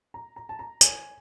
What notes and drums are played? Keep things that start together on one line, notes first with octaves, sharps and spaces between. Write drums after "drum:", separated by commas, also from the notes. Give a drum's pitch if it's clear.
A#5
A#5
A5
A#5
G#5, drum: tambourine